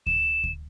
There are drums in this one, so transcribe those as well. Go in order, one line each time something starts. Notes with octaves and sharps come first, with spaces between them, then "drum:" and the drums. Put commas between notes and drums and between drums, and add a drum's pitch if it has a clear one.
E7, drum: kick D2
drum: kick D2